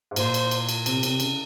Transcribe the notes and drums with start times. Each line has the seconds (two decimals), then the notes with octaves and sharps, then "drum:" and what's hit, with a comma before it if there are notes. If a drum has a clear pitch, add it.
0.11 G#2
0.16 A#2 C5, drum: cymbal
0.34 drum: cymbal
0.51 drum: cymbal
0.69 drum: cymbal
0.86 C3, drum: cymbal
1.03 C3, drum: cymbal
1.20 C#3, drum: cymbal